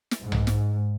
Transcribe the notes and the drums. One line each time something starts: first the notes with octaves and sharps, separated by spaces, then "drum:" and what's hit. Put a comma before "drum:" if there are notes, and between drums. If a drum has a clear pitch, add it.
drum: snare
G#2
drum: tom B1
drum: snare